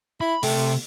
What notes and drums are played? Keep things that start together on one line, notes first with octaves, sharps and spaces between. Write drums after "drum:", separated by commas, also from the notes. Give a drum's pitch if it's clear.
E4 B5
C3 A3 G5, drum: open hi-hat